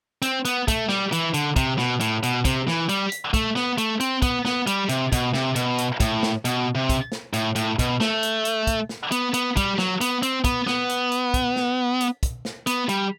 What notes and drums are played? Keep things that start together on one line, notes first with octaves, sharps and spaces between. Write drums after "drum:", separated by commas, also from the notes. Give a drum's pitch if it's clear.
C4, drum: hi-hat
B3, drum: hi-hat
A3, drum: kick, hi-hat
G3, drum: snare
E3, drum: hi-hat
D3, drum: hi-hat
C3, drum: kick, hi-hat
B2, drum: snare
A2, drum: hi-hat
B2, drum: hi-hat
C3, drum: kick, hi-hat
E3, drum: snare
G3, drum: hi-hat
drum: hi-hat
A3, drum: kick, hi-hat
B3, drum: snare
A3, drum: hi-hat
C4, drum: hi-hat
B3, drum: kick, hi-hat
B3, drum: snare
G3, drum: hi-hat
C3, drum: hi-hat
B2, drum: kick, hi-hat
C3, drum: snare
B2, drum: hi-hat
drum: hi-hat
A2, drum: kick, hi-hat
drum: snare
B2, drum: hi-hat
C3
drum: kick, hi-hat
drum: snare
A2, drum: hi-hat
A2, drum: hi-hat
B2, drum: kick, hi-hat
A3, drum: snare
drum: hi-hat
drum: hi-hat
drum: kick, hi-hat
drum: snare
B3, drum: hi-hat
B3, drum: hi-hat
G3, drum: kick, hi-hat
F#3, drum: snare
B3, drum: hi-hat
C4, drum: hi-hat
B3, drum: kick, hi-hat
B3, drum: snare
drum: hi-hat
drum: hi-hat
drum: kick, hi-hat
drum: snare
drum: hi-hat
drum: kick, hi-hat
drum: snare
B3, drum: hi-hat
G3, drum: hi-hat